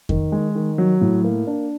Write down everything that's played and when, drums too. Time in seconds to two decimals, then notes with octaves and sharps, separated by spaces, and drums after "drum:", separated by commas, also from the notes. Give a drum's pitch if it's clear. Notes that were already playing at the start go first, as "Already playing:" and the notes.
0.09 D#3, drum: kick F2
0.32 G#3
0.55 D#3
0.78 F#3
1.01 A2
1.24 A#3
1.47 D4